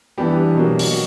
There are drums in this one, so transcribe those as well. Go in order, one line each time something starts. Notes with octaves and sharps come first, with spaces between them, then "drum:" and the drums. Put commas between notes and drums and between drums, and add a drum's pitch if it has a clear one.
E3 G3 B3 D4 G4
B2 F#3 A#3
drum: open hi-hat